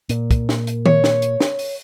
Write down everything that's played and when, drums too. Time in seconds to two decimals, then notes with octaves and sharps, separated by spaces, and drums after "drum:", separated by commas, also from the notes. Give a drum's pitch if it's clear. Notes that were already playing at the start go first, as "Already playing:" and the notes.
0.09 A#2, drum: hi-hat
0.31 drum: kick, hi-hat
0.49 drum: snare
0.67 drum: hi-hat
0.86 C#5, drum: tom D#3
1.04 drum: snare
1.22 drum: hi-hat
1.40 drum: snare
1.59 drum: open hi-hat